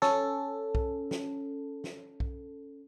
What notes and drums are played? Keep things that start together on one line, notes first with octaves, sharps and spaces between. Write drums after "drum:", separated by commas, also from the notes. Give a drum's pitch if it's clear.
C#4 A4, drum: snare
drum: kick B1
drum: snare
drum: snare
drum: kick B1